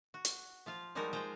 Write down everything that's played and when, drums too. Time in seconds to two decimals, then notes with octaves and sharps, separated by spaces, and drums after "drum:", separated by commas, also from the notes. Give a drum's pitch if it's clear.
0.14 F#4
0.25 drum: hi-hat
0.66 F3 F4 F5
0.95 F3 G3 G#3 D#4 F#4 A#4
1.13 G#3 F4 C5 G5 A#5